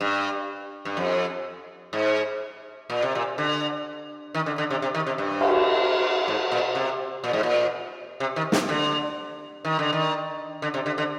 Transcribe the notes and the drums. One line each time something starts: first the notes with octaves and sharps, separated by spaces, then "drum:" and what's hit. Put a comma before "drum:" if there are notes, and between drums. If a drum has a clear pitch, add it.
G2
G2
F2
G#2
A#2
C3
A#2
D3
D#3
D3
D3
C3
C3
D#3
C3
G2
drum: cymbal
G#2
A#2
C3
A#2
G#2
A#2
C3
D#3
C3, drum: snare
D3
D#3
D3
D#3
D3
C3
D3
D3